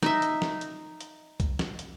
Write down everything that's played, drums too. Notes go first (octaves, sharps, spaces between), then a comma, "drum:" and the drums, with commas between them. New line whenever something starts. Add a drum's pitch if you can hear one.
D#4 E5, drum: snare
drum: hi-hat
drum: snare
drum: hi-hat
drum: hi-hat
drum: kick C2, hi-hat
drum: snare
drum: hi-hat